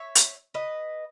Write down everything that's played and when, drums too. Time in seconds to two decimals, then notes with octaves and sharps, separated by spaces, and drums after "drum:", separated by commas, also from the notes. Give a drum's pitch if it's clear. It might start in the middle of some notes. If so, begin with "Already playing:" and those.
Already playing: C#5 E5
0.15 drum: hi-hat
0.54 B4 D#5